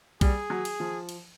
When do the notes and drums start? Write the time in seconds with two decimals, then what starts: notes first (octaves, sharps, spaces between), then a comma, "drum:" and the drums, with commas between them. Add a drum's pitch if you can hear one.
0.21 G3 G#4, drum: kick B1, cymbal
0.50 F#3
0.65 drum: cymbal
0.80 F3
1.09 drum: cymbal